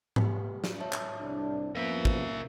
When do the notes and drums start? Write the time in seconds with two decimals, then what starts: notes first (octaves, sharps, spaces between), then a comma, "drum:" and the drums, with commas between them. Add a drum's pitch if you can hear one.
0.16 G4 B4, drum: tom G#2
0.64 drum: snare
0.81 C#5 E5 A5
0.93 drum: clap
1.21 C2 D4
1.75 F2 F3 A#3 B3 C#4 A#4 E5 F5
2.05 drum: kick